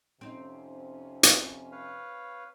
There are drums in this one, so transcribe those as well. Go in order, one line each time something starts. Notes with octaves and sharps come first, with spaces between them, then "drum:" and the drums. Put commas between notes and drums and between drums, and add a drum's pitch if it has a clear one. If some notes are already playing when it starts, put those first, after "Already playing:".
F2 C3 C4 C#4 D#4
drum: hi-hat
B4 C#5 F5